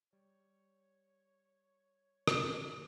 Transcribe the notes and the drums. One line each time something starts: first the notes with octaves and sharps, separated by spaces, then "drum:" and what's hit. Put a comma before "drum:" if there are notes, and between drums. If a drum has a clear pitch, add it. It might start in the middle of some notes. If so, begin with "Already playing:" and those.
G3 C#5
drum: rim click